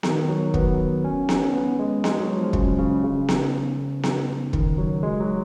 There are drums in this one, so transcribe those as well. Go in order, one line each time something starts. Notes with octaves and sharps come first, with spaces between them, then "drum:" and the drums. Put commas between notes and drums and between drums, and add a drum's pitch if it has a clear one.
D#3, drum: snare B3
F#3
B3, drum: kick
C#4
drum: snare B3
B3
G#3
G#3, drum: snare B3
F#3
F3
C#3, drum: kick
C#3
C#3
drum: snare B3
drum: snare B3
D#3, drum: kick
F#3
G#3
F#3